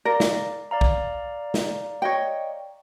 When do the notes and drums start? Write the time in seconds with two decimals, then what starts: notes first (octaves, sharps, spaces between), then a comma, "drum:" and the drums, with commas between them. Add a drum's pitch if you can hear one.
0.05 A#4 D5 F5
0.20 drum: snare
0.71 D5 F5 A#5
0.81 drum: kick B1
1.54 drum: snare
2.02 C#5 D#5 G5